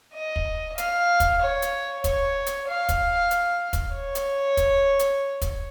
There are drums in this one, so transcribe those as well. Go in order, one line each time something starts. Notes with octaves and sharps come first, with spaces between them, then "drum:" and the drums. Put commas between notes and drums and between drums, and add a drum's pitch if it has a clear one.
D#5
drum: kick
F5, drum: hi-hat
drum: kick, hi-hat
C#5
drum: hi-hat
C#5, drum: kick, hi-hat
drum: hi-hat
F5
drum: kick, hi-hat
drum: hi-hat
drum: kick, hi-hat
C#5
drum: hi-hat
drum: kick, hi-hat
drum: hi-hat
drum: kick, hi-hat